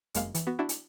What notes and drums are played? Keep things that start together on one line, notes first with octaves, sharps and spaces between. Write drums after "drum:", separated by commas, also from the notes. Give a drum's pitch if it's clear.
G1 F#2 G#3 A#3 F5, drum: hi-hat
E3, drum: hi-hat
B3 F#4
D4 E4 F#4
drum: hi-hat